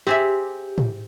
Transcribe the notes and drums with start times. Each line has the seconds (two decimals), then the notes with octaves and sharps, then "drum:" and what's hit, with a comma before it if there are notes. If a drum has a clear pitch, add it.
0.07 C4 G4 G#4 E5
0.78 drum: tom